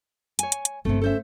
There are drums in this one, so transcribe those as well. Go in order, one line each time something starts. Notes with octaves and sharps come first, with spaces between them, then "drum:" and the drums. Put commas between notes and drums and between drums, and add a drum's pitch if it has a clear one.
C#5 G#5, drum: hi-hat
drum: hi-hat
drum: hi-hat
G1 C3 G3 A3 C4
C#4 A4 C5 E5